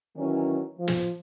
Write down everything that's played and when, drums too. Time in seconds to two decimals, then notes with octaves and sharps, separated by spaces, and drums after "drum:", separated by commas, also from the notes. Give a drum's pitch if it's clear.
0.16 D#3 E3 F#3 C#4
0.78 F3
0.88 drum: snare